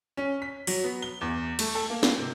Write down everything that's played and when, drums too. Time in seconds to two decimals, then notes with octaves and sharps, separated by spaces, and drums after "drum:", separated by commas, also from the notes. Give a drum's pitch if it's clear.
0.17 C#4
0.42 B6
0.67 F#3, drum: open hi-hat
0.84 B3
1.02 G7
1.21 E2
1.59 A3, drum: cymbal
1.75 A4
1.90 A#3
2.03 drum: snare
2.18 C3